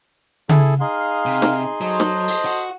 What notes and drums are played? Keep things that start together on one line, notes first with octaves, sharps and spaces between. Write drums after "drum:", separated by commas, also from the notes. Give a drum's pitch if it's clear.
E4 G#4 A4, drum: tom C#3
D#4 G#4 F5 C6
C3
drum: snare
F#3 A4 C5 D#5
drum: snare
drum: open hi-hat
F#4